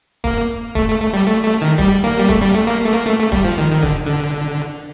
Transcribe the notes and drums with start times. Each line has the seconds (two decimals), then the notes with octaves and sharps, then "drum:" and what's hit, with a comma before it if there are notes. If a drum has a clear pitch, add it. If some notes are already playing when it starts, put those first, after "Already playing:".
0.24 A#3, drum: kick E1
0.75 A3, drum: kick E1
0.88 A3
1.00 A3
1.13 G3
1.27 A3
1.44 A3
1.61 D#3
1.78 G3, drum: kick E1
2.04 A#3
2.18 G3
2.29 A3, drum: kick E1
2.42 G3
2.55 A3
2.67 A#3
2.85 A3
2.94 A#3
3.06 A3
3.20 A3
3.32 G3, drum: kick E1
3.44 F3
3.58 D#3
3.71 D#3
3.82 D3, drum: kick E1
4.06 D3